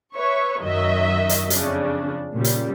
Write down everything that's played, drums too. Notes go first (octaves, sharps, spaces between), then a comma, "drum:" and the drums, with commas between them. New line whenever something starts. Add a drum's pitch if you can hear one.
B4 C#5 E5 C#6
F#2 D#3 F#3 D#5 E5
drum: hi-hat
F2 C#3 D4, drum: hi-hat
A#2 C#3 G3
drum: hi-hat